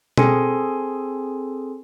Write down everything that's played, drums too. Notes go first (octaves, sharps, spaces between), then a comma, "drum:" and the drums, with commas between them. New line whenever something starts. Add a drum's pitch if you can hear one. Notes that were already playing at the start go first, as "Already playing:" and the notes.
C4 G#4 A4 G#5 C6, drum: tom B2